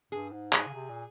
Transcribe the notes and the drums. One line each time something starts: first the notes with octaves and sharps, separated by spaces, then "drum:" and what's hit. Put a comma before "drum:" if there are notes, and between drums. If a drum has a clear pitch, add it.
G2 G#4
G#2
G#2 G#4, drum: clap
C#3
C3
A#2